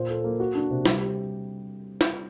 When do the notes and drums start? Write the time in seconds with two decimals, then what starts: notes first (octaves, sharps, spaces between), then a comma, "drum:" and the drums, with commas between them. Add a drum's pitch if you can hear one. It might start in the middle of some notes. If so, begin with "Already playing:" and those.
Already playing: A#2 C5
0.09 A4
0.24 A#3
0.40 F#4
0.55 D4
0.70 C3
0.86 G3, drum: snare
1.01 G4
2.01 drum: snare